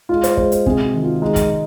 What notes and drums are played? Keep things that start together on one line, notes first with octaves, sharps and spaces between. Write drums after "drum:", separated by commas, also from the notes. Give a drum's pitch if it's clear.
G#3 F4
C5, drum: hi-hat
G#3 C5, drum: kick
drum: hi-hat
C3 G#4, drum: kick
F#4
D#3
F4
G#3 D#4
drum: kick, hi-hat
G#3